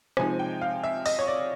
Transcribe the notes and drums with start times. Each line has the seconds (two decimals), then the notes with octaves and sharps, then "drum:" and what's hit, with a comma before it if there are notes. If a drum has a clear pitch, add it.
0.17 C3 F3 G#3 C4 D#4 G#5, drum: rim click
0.39 G5
0.61 F5
0.84 E5
1.06 D#5, drum: open hi-hat
1.19 C#5
1.27 D5